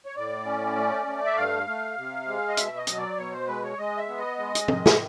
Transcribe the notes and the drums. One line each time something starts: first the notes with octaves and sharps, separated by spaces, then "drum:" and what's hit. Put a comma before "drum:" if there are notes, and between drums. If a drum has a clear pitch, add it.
C#5
A2 D5
C#4
A3
A3
E5
G2 F5
A3
C3
G#3
D#5
B2 E5, drum: hi-hat
D#5
F#3, drum: hi-hat
D5
B2 C#5
C5
G#3 B4
C#5
G#3 D#5
E5
B3
D#5
G#3
drum: hi-hat
D#3, drum: tom
drum: snare